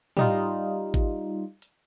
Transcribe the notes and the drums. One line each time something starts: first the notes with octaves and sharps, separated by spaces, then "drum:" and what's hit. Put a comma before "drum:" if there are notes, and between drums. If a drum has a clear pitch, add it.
G3 D#4 F4, drum: tom
drum: kick G#1
drum: hi-hat